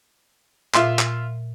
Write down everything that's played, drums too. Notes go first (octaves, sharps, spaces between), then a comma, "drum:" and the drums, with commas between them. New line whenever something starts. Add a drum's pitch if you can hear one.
A#2 F4 E5 C6, drum: clap
drum: clap